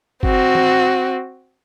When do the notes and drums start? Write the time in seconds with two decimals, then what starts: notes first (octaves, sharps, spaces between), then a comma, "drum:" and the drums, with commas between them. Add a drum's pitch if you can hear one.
0.23 C4 F#4, drum: kick
0.55 drum: tom